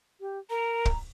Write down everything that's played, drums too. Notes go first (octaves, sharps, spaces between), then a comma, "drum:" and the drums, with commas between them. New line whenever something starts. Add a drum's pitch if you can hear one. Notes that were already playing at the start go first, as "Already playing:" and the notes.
G4
A#4 A#5
drum: kick